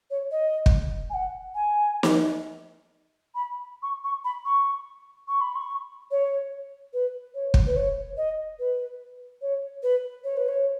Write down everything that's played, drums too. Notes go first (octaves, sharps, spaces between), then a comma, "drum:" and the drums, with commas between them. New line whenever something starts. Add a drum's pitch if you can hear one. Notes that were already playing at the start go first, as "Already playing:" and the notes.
C#5
D#5
drum: kick
G#5
F#5
G#5
drum: snare
B5
C#6
C#6
B5
C#6
C#6
B5
C#6
C#5
B4
C#5
drum: kick
B4
C#5
D#5
B4
C#5
B4
C#5
B4
C#5